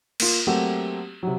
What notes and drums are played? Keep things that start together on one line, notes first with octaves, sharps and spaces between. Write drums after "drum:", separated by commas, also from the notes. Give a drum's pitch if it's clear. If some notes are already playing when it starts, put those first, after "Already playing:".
A#3 F4, drum: cymbal
F#3 A3 A#3 C4 F#4 G4
C3 F#3